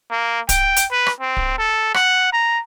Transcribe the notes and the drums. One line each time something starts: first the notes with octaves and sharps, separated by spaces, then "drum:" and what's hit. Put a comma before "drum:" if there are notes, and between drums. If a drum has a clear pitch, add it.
A#3
G5, drum: kick D1, hi-hat
drum: hi-hat
B4
drum: rim click
C4
drum: kick D1
A4
F#5, drum: rim click
A#5